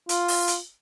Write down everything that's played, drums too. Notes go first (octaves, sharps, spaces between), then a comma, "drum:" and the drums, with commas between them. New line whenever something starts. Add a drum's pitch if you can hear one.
F4, drum: hi-hat
drum: open hi-hat
drum: hi-hat